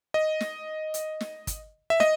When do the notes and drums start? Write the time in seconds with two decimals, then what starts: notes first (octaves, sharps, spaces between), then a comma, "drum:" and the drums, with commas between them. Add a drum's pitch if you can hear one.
0.14 D#5
0.40 drum: snare
0.94 drum: hi-hat
1.21 drum: snare
1.47 drum: kick, hi-hat
1.90 E5
2.00 D#5, drum: snare